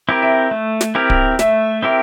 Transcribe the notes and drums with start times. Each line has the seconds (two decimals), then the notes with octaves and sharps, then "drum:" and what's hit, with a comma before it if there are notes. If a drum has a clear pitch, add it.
0.09 C4 E4 G4 A#4
0.22 E5
0.51 A3
0.81 drum: snare
0.95 C4 E4 G4 A#4
1.10 drum: kick D1
1.39 A3 E5, drum: snare
1.83 C4 E4 G4 A#4 E5